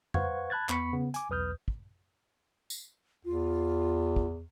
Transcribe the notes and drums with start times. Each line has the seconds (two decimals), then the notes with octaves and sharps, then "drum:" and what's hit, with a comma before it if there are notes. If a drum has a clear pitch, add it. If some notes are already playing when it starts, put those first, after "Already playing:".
0.14 B4 C5 F5 F#5 C#6 G#6, drum: tom F2
0.50 A5 B5 F#6 G#6 A6
0.69 E2 B3 B5 C#6 B6 C#7, drum: clap
0.93 C#3 B3
1.14 G#5 D6, drum: hi-hat
1.30 B1 E2 B4 D#6 F6 G6
1.68 drum: kick
2.70 drum: tambourine
3.25 E2 F4
4.16 drum: kick